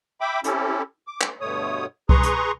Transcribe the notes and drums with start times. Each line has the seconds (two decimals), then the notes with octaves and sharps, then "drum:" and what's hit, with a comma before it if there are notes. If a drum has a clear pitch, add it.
0.21 E5 G5 B5 D6
0.44 C4 C#4 E4 G4 A4, drum: hi-hat
1.07 D6
1.21 drum: clap
1.41 G2 B2 D3 A3 C#5 D#6
2.09 G#4 B4 A#5 C6 C#6 D#6, drum: kick C2
2.23 drum: hi-hat